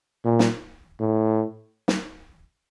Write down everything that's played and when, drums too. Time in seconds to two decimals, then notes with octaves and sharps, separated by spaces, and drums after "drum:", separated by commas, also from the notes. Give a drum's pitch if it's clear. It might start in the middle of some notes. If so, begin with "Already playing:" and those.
0.25 A#2
0.39 drum: snare
1.00 A2
1.88 drum: snare